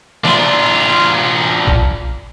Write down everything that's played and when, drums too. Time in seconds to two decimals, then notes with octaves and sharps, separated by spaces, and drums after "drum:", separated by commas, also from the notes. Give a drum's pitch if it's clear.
0.25 D4 F4, drum: snare
1.67 drum: kick A#1